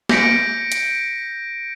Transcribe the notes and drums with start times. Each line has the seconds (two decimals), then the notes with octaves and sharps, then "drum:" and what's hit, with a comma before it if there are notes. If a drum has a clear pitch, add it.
0.09 G6 A#6 B6 C#7 D7, drum: snare
0.72 drum: hi-hat